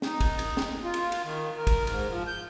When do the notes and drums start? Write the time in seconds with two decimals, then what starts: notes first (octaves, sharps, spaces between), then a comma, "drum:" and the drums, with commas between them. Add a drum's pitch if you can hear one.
0.02 D#4, drum: snare
0.21 drum: kick, cymbal
0.39 drum: cymbal
0.57 drum: snare
0.84 F4
0.94 drum: cymbal
1.12 drum: cymbal
1.24 D#3
1.57 A#4
1.67 drum: kick, cymbal
1.87 G#2, drum: cymbal
2.10 F3
2.27 G6